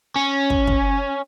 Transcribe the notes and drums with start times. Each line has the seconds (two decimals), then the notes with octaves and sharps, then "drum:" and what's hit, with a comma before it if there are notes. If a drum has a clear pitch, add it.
0.16 C#4
0.50 drum: kick
0.67 drum: kick